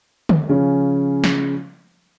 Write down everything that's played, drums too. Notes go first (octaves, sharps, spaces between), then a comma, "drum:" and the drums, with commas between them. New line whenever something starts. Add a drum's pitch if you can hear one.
drum: tom D3
C#3 F3 C#4
drum: snare